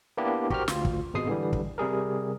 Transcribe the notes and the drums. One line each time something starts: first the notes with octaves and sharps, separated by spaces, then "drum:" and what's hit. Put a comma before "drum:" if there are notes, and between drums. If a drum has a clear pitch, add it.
A#3 B3 D4 E4 G4
F#4 G4 A#4 C5 F6, drum: kick
D2 F4, drum: snare
drum: kick
G#1 B2 G#3 D#6 C7
D3 E3 G3
drum: kick
C3 G3 G#4 A#4